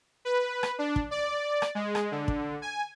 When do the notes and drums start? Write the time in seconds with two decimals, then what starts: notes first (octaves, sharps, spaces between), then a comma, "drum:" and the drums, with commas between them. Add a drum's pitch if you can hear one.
0.25 B4
0.63 drum: rim click
0.79 D4
0.96 drum: kick
1.11 D5
1.62 drum: rim click
1.75 G#3
1.95 drum: rim click
2.11 D3
2.28 drum: kick
2.62 G#5